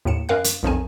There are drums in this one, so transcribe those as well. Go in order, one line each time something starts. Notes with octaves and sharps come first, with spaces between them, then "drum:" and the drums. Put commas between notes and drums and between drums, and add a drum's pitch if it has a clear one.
D#2 A2 C#7 E7
F#2 A#4 F5 F#6
drum: hi-hat
B1 F2 D#3 G#5